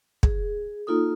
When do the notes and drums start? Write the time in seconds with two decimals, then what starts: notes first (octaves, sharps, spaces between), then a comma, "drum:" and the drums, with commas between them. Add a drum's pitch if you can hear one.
0.23 G#4, drum: kick
0.87 A#3 D#4 F4 A4 D#6